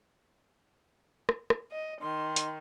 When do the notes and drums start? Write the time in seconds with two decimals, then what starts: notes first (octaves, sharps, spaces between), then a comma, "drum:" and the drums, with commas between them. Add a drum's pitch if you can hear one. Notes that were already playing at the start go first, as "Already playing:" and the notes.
1.29 drum: rim click
1.50 drum: rim click
1.72 D#5
2.02 D#3 C6
2.36 drum: hi-hat